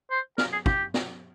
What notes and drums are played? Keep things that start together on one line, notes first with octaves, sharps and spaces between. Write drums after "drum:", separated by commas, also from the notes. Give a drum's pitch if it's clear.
C5
A#4, drum: snare
G#4
G4, drum: kick
drum: snare